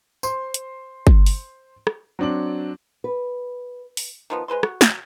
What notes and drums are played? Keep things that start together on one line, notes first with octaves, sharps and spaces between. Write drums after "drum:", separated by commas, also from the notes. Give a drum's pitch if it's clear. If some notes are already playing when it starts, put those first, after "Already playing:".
C5 C6, drum: tambourine
drum: hi-hat
drum: kick G1
drum: open hi-hat
drum: rim click
F#3 C4 D4 D6 F#7
B4
drum: open hi-hat
D#3 F3 B3
G#3 B4 C5 C6
F#4, drum: rim click
F#3, drum: snare